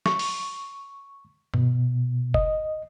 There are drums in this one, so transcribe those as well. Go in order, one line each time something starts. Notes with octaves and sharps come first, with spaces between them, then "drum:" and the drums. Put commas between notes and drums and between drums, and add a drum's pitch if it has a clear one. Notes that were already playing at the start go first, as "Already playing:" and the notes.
C#6, drum: snare
drum: open hi-hat
B2, drum: tom G2
D#5, drum: kick F#1